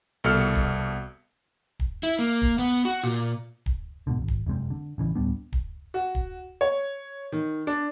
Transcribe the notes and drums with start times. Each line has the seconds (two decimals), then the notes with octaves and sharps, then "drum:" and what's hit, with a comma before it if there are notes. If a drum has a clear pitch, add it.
0.24 C2 B2 A4 A5 F6 C#7
0.55 drum: kick D1
1.80 drum: kick D1
2.03 E4
2.19 A#3
2.42 drum: kick D1
2.59 B3
2.85 F#4
3.03 A#2
3.66 drum: kick D1
4.07 G#2 B2 D3
4.19 D#1 G#1
4.28 drum: kick D1
4.46 F1 F#2 G#3 C4
4.70 D3
4.98 A1 C#3 E3
5.15 D1 G3 B3 D4
5.53 drum: kick D1
5.94 F#4
6.15 drum: kick D1
6.61 C#5
7.32 D#3
7.67 D4